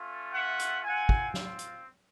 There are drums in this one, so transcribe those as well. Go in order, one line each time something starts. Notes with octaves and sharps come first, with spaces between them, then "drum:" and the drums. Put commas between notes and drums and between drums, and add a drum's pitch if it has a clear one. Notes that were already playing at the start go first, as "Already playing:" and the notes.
Already playing: A3 C#4 F4
E5 F#5
drum: hi-hat
C4 F4 F#5 G#5
drum: kick
drum: snare
drum: hi-hat